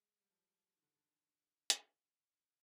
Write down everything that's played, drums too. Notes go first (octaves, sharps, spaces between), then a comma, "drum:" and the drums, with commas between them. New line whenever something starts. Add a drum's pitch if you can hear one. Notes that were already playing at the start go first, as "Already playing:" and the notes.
Already playing: G#3
G3
F3
D#3
D3
D3
drum: hi-hat